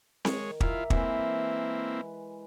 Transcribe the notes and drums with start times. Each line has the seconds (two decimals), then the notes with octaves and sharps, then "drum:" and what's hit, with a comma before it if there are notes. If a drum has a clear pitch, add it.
0.25 D#3 G#3 C#5, drum: snare C4
0.61 E4 F4 G4 E5 A#5, drum: kick
0.90 E3 G#3 A#3 C4 E4 B4, drum: kick